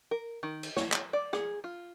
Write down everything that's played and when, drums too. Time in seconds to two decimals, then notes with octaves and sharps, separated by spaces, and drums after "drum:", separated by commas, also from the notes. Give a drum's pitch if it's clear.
0.11 A#4
0.43 D#3
0.63 drum: cymbal
0.77 C#5, drum: snare
0.92 drum: clap
1.13 D5
1.33 G#4, drum: rim click
1.64 F4